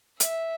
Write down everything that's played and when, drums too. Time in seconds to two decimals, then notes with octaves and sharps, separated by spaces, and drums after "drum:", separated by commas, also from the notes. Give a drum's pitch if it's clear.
0.20 E5, drum: hi-hat